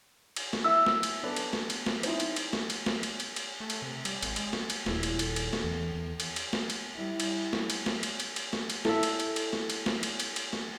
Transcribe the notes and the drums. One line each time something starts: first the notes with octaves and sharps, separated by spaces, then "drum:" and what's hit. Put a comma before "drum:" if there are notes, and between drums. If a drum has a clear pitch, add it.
drum: cymbal
drum: snare
E4 E5 E6
drum: snare
drum: cymbal
B3 D4 A4
drum: cymbal
drum: snare
drum: cymbal
drum: snare
C4 D#4 E4, drum: cymbal
drum: cymbal
drum: cymbal
drum: snare
drum: cymbal
drum: snare
drum: cymbal
drum: cymbal
drum: cymbal
A3
drum: cymbal
C3
G3, drum: cymbal
G#1, drum: cymbal
G#3, drum: cymbal
drum: snare
drum: cymbal
D#1 E4 G#4, drum: snare
drum: cymbal
A4, drum: cymbal
drum: cymbal
drum: snare
E2
E2
drum: cymbal
drum: cymbal
drum: snare
drum: cymbal
G3 E4
drum: cymbal
drum: snare
drum: cymbal
drum: snare
drum: cymbal
drum: cymbal
drum: cymbal
drum: snare
drum: cymbal
E4 A4 E5, drum: snare
drum: cymbal
drum: cymbal
drum: cymbal
drum: snare
drum: cymbal
drum: snare
drum: cymbal
drum: cymbal
drum: cymbal
drum: snare